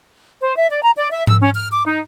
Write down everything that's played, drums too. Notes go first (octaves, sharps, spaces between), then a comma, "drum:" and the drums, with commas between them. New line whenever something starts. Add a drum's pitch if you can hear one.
C5
E5
D5
A#5
D5
E5
E6, drum: tom G#2
C#4
F6
D6
D#4